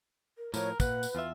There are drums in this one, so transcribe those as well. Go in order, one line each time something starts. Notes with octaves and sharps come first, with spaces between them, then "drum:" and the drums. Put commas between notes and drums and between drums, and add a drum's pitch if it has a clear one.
A#4
A2 F3 A#4 C#5, drum: tambourine
A#2 B4 F#5, drum: kick, tambourine
drum: tambourine
E2 F4 E5